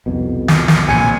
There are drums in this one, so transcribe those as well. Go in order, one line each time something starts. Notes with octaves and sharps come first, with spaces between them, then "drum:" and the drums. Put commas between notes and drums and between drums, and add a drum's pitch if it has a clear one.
C2 F2 B2
drum: snare
drum: snare
A#1 G#5 C#7